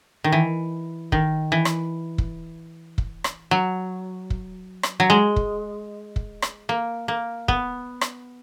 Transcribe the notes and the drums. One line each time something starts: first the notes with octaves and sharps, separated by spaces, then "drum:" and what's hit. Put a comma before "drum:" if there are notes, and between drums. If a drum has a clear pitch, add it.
D#3
E3
D#3, drum: kick
E3
drum: rim click
drum: kick
drum: kick
drum: rim click
F#3
drum: kick
drum: rim click
F#3
G#3
drum: kick
drum: kick
drum: rim click
A#3
A#3
B3, drum: kick
drum: rim click